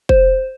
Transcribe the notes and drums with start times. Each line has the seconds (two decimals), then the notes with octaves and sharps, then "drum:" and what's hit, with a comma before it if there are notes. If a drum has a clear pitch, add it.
0.09 C5, drum: kick